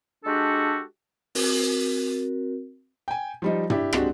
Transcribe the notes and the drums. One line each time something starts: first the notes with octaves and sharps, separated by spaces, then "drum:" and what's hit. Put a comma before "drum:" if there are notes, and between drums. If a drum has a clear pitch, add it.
G#3 D4 F#4 G4 A4
C4 F#4 A#4, drum: open hi-hat
G5 G#5
F3 G3 D#4
D4 E4 G4, drum: tom
G#3 C4 D4 F#4 G4, drum: rim click